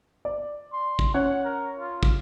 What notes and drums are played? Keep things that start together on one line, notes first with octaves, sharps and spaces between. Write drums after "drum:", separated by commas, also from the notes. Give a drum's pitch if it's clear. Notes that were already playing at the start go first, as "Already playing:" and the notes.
D5
C6
drum: kick
C#4 C#5 F#5
A#4
F4
drum: kick